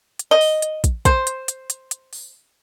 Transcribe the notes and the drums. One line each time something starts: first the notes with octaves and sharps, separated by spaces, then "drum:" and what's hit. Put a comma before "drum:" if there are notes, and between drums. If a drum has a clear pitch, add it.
drum: hi-hat
D#5
drum: open hi-hat
drum: hi-hat
drum: kick, hi-hat
C5, drum: kick, hi-hat
drum: hi-hat
drum: hi-hat
drum: hi-hat
drum: hi-hat
drum: open hi-hat